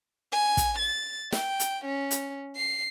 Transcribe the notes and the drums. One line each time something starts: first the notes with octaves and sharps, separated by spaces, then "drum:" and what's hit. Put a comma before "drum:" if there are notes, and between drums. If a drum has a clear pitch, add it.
G#5
drum: kick, hi-hat
A6
G5, drum: snare
drum: hi-hat
C#4
drum: hi-hat
C7